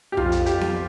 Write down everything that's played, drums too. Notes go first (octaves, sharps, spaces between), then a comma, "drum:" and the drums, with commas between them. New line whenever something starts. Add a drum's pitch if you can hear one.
G4
F2 F4, drum: tom B1
drum: hi-hat
G4, drum: hi-hat
drum: snare B3